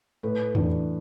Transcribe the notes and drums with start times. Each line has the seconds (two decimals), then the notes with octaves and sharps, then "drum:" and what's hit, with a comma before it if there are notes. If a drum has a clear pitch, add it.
0.23 A2 B4
0.55 E3 D4, drum: tom E2